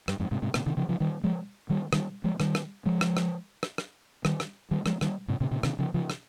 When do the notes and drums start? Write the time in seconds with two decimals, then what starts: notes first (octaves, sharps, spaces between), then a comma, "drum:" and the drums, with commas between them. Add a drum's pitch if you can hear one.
0.08 G2, drum: rim click
0.19 F2 G#2
0.31 G#2 C3
0.42 G#2 C3
0.54 A#2 C#3, drum: rim click
0.66 C3 D#3
0.77 C#3 F3
0.89 C#3 F3
1.00 D#3 G3
1.24 F3 G#3
1.70 D#3 G3
1.93 D#3 G3, drum: rim click
2.24 F3 G#3
2.40 D#3 G3, drum: rim click
2.55 drum: rim click
2.86 F3 G#3
3.01 drum: rim click
3.17 drum: rim click
3.63 drum: rim click
3.78 drum: rim click
4.25 D#3 G3, drum: rim click
4.40 drum: rim click
4.71 D#3 G3
4.86 F3 G#3, drum: rim click
5.01 D#3 G3, drum: rim click
5.28 G#2 C3
5.40 A#2 C#3
5.51 A#2 C#3
5.63 C3 D#3, drum: rim click
5.79 C#3 F3
5.94 C#3 F3
6.10 drum: rim click